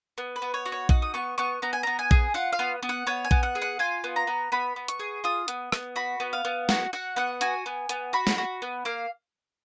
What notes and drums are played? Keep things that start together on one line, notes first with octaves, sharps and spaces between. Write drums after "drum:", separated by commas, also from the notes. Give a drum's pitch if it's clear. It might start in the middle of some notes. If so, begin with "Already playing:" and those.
B3
B4
B3
C#5
F#4
C#5
D#4 F#5, drum: kick A#1
D#6
B3 C#6
B3 C#6
B3 A#5
G#5
B3 A#5
G#5
G#4, drum: kick A#1
F4 F#5
F5
B3
B3
F#5
B3 C#5
G#5
B3, drum: kick A#1
F#5
G#4
F#5
F4 G#5
B3
A#5
B3
B3 B5
B3
C#6, drum: hi-hat
G#4
F4 D#6
B3, drum: hi-hat
B3, drum: rim click
F#4 B5
B3
F5
B3
F#4 F#5, drum: snare
F#4 F#5
B3 F#5
F#4 G#5, drum: hi-hat
B3
B3, drum: hi-hat
F#4 B5
drum: snare
F#4
B3
A#3 F5